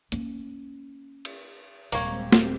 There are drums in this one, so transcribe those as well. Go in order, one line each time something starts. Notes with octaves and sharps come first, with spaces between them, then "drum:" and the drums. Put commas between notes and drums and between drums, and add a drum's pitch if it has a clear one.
A#3 C#4, drum: hi-hat
drum: cymbal
D#1 G#3 A#3 C4 G4 C#5, drum: open hi-hat
drum: snare